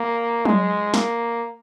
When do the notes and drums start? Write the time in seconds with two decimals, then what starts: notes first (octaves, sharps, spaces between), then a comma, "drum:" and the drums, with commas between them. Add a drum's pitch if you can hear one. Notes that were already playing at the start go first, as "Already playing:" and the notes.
Already playing: A#3
0.45 G#3, drum: tom F#3
0.94 A#3, drum: snare